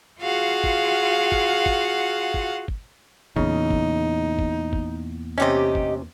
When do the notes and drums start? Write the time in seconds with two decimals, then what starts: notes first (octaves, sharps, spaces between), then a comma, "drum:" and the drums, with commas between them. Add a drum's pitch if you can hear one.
0.21 F4 F#4 G#4 F5 F#5
0.64 drum: kick
1.32 drum: kick
1.66 drum: kick
2.34 drum: kick
2.68 drum: kick
3.36 E2 A#2 C#3 D#4, drum: kick
3.71 drum: kick
4.39 drum: kick
4.73 drum: kick
5.38 C3 C#4 D#4 G4 D#5
5.75 drum: kick